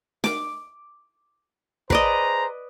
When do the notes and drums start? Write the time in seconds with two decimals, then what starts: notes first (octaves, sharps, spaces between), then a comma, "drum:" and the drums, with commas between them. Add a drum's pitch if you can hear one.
0.24 D6, drum: snare
1.90 G#4 B4 C5 D5 D#5 A#5, drum: kick